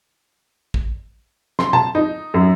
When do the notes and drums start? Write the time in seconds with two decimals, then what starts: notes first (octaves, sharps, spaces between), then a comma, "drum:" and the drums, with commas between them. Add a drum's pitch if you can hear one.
0.74 drum: kick
1.59 C6, drum: snare
1.73 A5, drum: tom
1.95 D#4
2.34 F#2